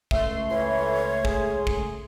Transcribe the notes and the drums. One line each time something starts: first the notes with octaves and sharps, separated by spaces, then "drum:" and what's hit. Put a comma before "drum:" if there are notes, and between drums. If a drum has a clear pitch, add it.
C#2 A3 E5 C6, drum: kick
E3 C#5
G#4, drum: kick
drum: kick